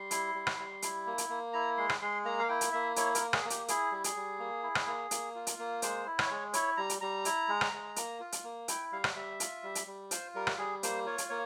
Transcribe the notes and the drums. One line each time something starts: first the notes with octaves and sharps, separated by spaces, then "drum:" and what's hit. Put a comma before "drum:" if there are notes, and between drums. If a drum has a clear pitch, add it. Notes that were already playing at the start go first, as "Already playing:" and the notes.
Already playing: G3 C6
E4, drum: hi-hat
G3
drum: rim click
G3
E4, drum: hi-hat
A#3
drum: hi-hat
A#3
E4 A#5
G#3 C6
drum: rim click
G#3 C6
A#3 A#5
F5
E4 G5
drum: hi-hat
A#3 E5
E4 C#5, drum: hi-hat
A#4, drum: hi-hat
A#3
G#4, drum: rim click
A#3
G4, drum: hi-hat
E4 G#4, drum: hi-hat
G3
G#4, drum: hi-hat
G3
A#3
E4
drum: rim click
A#3
A#3, drum: hi-hat
F4
drum: hi-hat
A#3
G#3 C5, drum: hi-hat
E4
C#5, drum: rim click
G#3
E4 C#5, drum: hi-hat
G3 A#5
drum: hi-hat
G3 A#5
E4, drum: hi-hat
G#3
drum: rim click
G#3
A#3, drum: hi-hat
F4
drum: hi-hat
A#3
E4 G5, drum: hi-hat
G3 F5
drum: rim click
G3 E5
F4, drum: hi-hat
G3
drum: hi-hat
G3
F4 C5, drum: hi-hat
G3 A#4
drum: rim click
G3 G#4
A#3 C5, drum: hi-hat
F4 C#5
drum: hi-hat
A#3 C#5